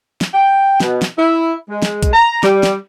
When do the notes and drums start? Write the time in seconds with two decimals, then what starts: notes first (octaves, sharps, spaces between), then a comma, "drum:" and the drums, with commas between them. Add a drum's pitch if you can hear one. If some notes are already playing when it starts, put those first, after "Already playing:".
0.21 drum: snare
0.33 G5
0.80 B2, drum: snare
1.02 drum: snare
1.17 E4
1.69 G#3
1.82 drum: snare
2.03 drum: kick B1, hi-hat
2.13 A#5
2.43 G3, drum: snare
2.63 drum: snare